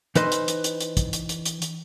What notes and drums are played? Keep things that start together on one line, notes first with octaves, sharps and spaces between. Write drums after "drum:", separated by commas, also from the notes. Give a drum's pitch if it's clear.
E3 D#4 B4 C5 D#5, drum: hi-hat
drum: hi-hat
drum: hi-hat
drum: hi-hat
drum: hi-hat
drum: kick, hi-hat
drum: hi-hat
drum: hi-hat
drum: hi-hat
drum: hi-hat